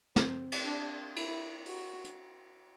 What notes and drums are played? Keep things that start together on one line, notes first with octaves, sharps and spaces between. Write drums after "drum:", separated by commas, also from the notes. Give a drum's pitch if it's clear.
C4, drum: snare
drum: cymbal
D4
E4, drum: cymbal
F#4, drum: open hi-hat
drum: hi-hat